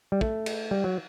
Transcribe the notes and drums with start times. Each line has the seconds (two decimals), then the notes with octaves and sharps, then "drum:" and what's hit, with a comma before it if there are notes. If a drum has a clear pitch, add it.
0.12 G3
0.21 A3, drum: kick
0.46 drum: cymbal
0.71 G3
0.84 F#3